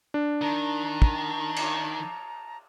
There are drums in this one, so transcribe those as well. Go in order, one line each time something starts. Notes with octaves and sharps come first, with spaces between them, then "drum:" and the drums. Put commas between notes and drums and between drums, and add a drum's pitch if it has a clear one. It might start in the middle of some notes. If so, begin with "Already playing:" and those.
D4
D#3 A5 A#5
drum: kick
drum: cymbal